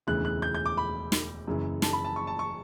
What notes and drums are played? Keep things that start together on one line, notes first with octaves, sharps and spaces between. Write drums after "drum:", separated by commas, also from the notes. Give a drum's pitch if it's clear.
E1 D2 C#3 E3 F#6
F#6
G6
G6
D6
B5
drum: snare
F#1 F#2 C#3 E3
A5, drum: snare
B5
A5
C#6
A5
C#6